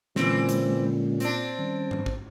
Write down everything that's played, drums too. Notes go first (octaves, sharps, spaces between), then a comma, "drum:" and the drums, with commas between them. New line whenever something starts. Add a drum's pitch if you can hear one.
A#2 D3 E3 G#3 C4 C#4, drum: snare
drum: hi-hat
C4 D4, drum: hi-hat
D#3 G3 C#4
drum: tom G#2
drum: kick